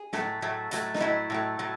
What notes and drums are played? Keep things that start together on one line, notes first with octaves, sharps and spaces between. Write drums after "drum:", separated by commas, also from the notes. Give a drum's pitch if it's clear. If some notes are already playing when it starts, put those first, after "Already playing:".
Already playing: G#4
A2 F#3 A3, drum: snare
A2 F#3 A3
A2 F#3 A3, drum: hi-hat
D#4, drum: snare
A2 F#3 A3 E4
A2 F#3 A3
A2 F#3 A3